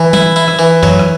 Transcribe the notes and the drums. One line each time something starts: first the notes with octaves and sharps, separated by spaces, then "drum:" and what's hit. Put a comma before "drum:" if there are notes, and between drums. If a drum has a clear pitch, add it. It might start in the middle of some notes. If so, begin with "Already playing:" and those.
Already playing: E3
E4, drum: tom
E4
drum: rim click
E3
F#3, drum: tom
drum: rim click